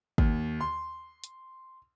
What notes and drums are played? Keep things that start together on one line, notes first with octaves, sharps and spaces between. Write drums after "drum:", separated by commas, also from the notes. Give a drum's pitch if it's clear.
D#2, drum: kick
C6
drum: hi-hat